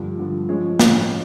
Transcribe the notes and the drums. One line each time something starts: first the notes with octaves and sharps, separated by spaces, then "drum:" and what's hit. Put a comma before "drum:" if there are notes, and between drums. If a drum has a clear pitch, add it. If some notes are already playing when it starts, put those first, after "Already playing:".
Already playing: G2 D3 F3
G2 D3 F3
F3 G#3 C#4
F3 G#3 C#4, drum: snare